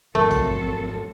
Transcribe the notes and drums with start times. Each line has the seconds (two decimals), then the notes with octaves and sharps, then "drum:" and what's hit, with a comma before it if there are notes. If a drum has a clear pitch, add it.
0.15 G#1 F2 F#3 A3 C4 A4 A#4
0.31 drum: tom